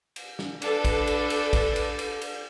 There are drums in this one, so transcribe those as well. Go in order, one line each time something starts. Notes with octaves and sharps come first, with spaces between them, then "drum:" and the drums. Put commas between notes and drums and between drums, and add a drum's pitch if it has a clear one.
drum: cymbal
drum: snare
D4 A4 B4, drum: cymbal
drum: kick, cymbal
drum: cymbal
drum: cymbal
drum: kick, cymbal
drum: cymbal
drum: cymbal
drum: cymbal